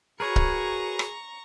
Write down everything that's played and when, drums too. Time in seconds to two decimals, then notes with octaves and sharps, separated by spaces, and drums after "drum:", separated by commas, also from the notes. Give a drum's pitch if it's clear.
0.20 F#4 G#4 A#4 B4 C#5 A#5 C#6
0.36 drum: kick C#1
0.99 drum: rim click